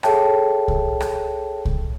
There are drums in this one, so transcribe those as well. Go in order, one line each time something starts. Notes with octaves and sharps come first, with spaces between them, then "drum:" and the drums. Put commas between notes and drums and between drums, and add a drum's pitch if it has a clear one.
G#4 A4 C#5 E5 G5 A5, drum: rim click
drum: kick C2
drum: rim click
drum: kick C2